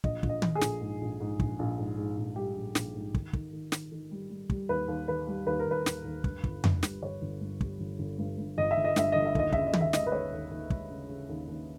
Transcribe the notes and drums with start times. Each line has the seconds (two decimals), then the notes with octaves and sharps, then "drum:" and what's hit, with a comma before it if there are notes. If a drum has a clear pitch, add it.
0.04 A#1 D#5, drum: kick
0.23 A#1, drum: kick
0.29 D#5
0.42 A#1, drum: tom
0.55 G#4
0.61 A#1, drum: snare
0.81 G#2
1.01 A#1
1.20 G#2
1.40 A#1, drum: kick
1.59 A#1
1.78 G#2
1.97 G#2
2.17 A#1
2.36 G3 G4
2.56 A#1
2.75 A#1, drum: snare
2.95 G#2
3.14 D#3, drum: kick
3.33 D#3, drum: kick
3.53 D#3
3.72 D#3, drum: snare
3.92 D#3
4.11 G3
4.30 G3
4.50 G3, drum: kick
4.69 D#2 B4
4.88 D#2
5.08 D#3 B4
5.27 G3
5.46 D#2 B4
5.59 A#4
5.66 D#2 B4
5.86 D#2, drum: snare
6.05 D#2
6.24 G2, drum: kick
6.44 G1, drum: kick
6.64 G1, drum: tom F2
6.83 G3, drum: snare
7.02 G1 C#5
7.22 G1
7.41 G2
7.61 G3, drum: kick
7.80 G1
7.99 G1
8.19 G2
8.38 G2
8.58 G1 D#5
8.71 E5
8.77 G1
8.85 D#5
8.96 G2 E5, drum: snare
9.12 G1 D#5
9.26 E5
9.35 D#2 D#5, drum: kick
9.52 C#3 E5, drum: kick
9.67 D#5
9.73 C#3, drum: tom
9.81 E5
9.93 G#3 D#5, drum: snare
10.07 B4
10.12 D#2 C#5
10.32 D#2
10.51 D#2
10.70 G#3, drum: kick
10.90 C#3
11.09 C#3
11.29 D#2
11.48 D#2